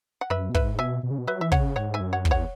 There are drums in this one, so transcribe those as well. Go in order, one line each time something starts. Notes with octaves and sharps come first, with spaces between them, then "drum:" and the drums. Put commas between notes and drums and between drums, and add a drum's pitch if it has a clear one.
F#5
F#2 B4 E5
B2
G#2 B4 E5, drum: kick
B2 E5 G#5
B2
C#3
B2
F#3 B4 E5
E3 E5
C#3 C#5 F#5, drum: kick
G#2 C#5 F#5
E5 G#5
F#2
C#5 F#5
E2, drum: kick
C#5 F#5